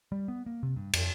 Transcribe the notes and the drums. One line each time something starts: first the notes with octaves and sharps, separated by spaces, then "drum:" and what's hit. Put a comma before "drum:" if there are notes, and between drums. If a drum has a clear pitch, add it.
G3
B3
A#3
C3
G2
F2, drum: cymbal